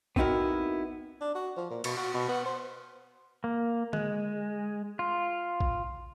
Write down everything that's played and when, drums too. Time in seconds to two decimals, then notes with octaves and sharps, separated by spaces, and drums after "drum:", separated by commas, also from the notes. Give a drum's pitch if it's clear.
0.16 B3 C4 D#4 E4 F#4 A#4, drum: kick A#1
1.21 D4
1.35 F#4
1.57 F3
1.71 A#2
1.84 B2, drum: cymbal
1.97 F#4
2.14 B2
2.29 B3
2.46 C5
3.44 A#3
3.93 G#3, drum: tom D3
4.99 F4
5.60 drum: kick A#1